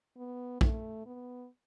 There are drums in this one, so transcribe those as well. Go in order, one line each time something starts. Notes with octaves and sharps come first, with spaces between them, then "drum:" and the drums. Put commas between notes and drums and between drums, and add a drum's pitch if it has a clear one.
B3
A3, drum: kick
B3